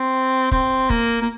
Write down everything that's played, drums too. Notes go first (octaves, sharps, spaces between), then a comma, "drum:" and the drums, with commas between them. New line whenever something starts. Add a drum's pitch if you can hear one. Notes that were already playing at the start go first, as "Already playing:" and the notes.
Already playing: C4
C4, drum: kick
A#3, drum: kick
A#3